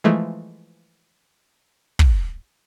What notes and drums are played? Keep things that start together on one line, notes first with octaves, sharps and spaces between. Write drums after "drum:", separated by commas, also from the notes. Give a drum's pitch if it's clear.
E3 F3 G#3 A3
drum: kick